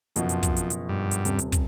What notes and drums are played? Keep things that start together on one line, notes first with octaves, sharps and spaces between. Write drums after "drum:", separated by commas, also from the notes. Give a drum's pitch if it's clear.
F#1 F2 B2 F3, drum: hi-hat
drum: hi-hat
drum: kick, hi-hat
drum: hi-hat
drum: hi-hat
G2
drum: hi-hat
D#1 C3, drum: hi-hat
drum: hi-hat
drum: kick, hi-hat